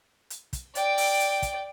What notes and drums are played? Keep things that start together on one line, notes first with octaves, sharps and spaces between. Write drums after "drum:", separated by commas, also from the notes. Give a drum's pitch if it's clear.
drum: hi-hat
drum: kick, hi-hat
D5 G5, drum: hi-hat
drum: open hi-hat
drum: hi-hat
drum: kick, hi-hat